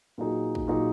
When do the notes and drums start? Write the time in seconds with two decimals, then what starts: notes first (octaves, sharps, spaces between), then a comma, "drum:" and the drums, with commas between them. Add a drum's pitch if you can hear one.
0.18 A#2 F#3 D#4 G#4
0.55 drum: kick
0.68 A#2 F#3 D#4 G#4